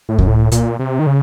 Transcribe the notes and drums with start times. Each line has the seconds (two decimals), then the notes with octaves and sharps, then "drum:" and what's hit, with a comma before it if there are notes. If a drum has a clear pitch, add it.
0.09 A2
0.18 F#2, drum: kick C#2
0.27 A2
0.52 A#2, drum: hi-hat
0.79 C3
0.99 D#3
1.07 C#3